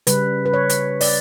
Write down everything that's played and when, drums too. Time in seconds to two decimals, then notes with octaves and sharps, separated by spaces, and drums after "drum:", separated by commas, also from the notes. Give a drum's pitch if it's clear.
0.07 C#3 G3 B4, drum: hi-hat
0.46 B4
0.54 C#5
0.70 drum: hi-hat
1.01 D5, drum: open hi-hat